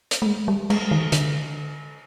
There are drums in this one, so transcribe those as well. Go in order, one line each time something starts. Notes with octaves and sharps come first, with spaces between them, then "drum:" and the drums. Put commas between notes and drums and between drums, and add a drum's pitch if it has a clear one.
drum: hi-hat
A3
G#3
G3
G#3, drum: cymbal
D#3
D3, drum: hi-hat